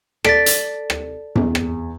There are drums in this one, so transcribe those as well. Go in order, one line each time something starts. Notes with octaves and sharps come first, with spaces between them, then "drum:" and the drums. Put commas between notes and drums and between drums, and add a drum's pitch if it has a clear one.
A4 D5 A6 B6 D7, drum: rim click
drum: hi-hat
drum: rim click
E2, drum: tom F#2
drum: rim click